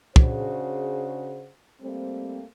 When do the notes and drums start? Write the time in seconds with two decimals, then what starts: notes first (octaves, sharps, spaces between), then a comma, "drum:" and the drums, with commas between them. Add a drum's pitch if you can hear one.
0.16 C#3 D4 F#4 G#4 C5, drum: kick
1.82 G3 A3 A#3 C4